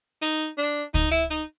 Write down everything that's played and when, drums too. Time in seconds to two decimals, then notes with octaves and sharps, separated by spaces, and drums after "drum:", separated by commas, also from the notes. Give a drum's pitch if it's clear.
0.22 D#4
0.58 D4
0.94 D#4, drum: kick
1.11 E4
1.30 D#4